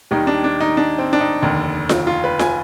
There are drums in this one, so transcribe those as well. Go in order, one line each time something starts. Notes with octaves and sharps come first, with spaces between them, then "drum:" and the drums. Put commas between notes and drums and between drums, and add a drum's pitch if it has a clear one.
D#2 D#3 G3 D#4
D4
D4
D#4
D4
C4
D4
D#4
F1 D#2 D3
drum: snare F4
F4
B4
G#5, drum: snare F4